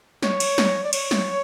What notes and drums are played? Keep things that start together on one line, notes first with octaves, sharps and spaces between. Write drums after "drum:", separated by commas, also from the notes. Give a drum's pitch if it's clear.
C#5, drum: snare
drum: cymbal
drum: snare
D5
C#5, drum: cymbal
drum: snare